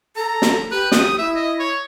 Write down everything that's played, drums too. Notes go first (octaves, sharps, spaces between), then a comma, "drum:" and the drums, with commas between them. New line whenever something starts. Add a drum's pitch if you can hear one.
A4 A#5
drum: snare
G4 B4
D#6, drum: snare
E4 E5
D#5
C#5